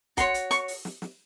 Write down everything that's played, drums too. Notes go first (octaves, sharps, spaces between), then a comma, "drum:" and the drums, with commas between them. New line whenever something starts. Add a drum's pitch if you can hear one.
F#4 C#5 C6, drum: kick, hi-hat
drum: hi-hat
C#6, drum: hi-hat
drum: open hi-hat
drum: snare
drum: snare